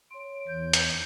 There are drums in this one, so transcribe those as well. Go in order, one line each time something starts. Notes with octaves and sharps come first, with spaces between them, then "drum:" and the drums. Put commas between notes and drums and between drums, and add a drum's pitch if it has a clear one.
C#5 C6 D7
E2 G6
drum: hi-hat